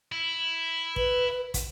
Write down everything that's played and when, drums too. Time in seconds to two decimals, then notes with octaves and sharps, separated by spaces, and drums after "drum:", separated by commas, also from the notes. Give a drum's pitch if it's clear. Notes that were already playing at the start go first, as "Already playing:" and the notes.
0.12 E4
0.96 B4, drum: kick
1.54 drum: kick, hi-hat